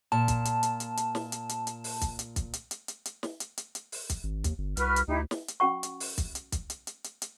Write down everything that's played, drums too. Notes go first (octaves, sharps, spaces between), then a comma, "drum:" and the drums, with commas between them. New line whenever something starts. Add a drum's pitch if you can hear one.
A#2 A5
drum: kick, hi-hat
drum: hi-hat
drum: hi-hat
drum: hi-hat
drum: hi-hat
drum: snare
drum: hi-hat
drum: hi-hat
drum: hi-hat
drum: open hi-hat
drum: kick, hi-hat
drum: hi-hat
drum: kick, hi-hat
drum: hi-hat
drum: hi-hat
drum: hi-hat
drum: hi-hat
drum: snare
drum: hi-hat
drum: hi-hat
drum: hi-hat
drum: open hi-hat
drum: kick, hi-hat
G#1
D#2, drum: kick, hi-hat
G1
C2 F#4 B4 F6, drum: hi-hat
drum: hi-hat
D2 D#4 E4 G4
drum: snare
drum: hi-hat
C#4 F#4 F#5 C#6
drum: hi-hat
drum: open hi-hat
drum: kick, hi-hat
drum: hi-hat
drum: kick, hi-hat
drum: hi-hat
drum: hi-hat
drum: hi-hat
drum: hi-hat